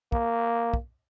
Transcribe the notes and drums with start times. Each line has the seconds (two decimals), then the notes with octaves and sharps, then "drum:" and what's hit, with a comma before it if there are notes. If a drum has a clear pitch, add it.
0.12 A#3, drum: kick
0.74 drum: kick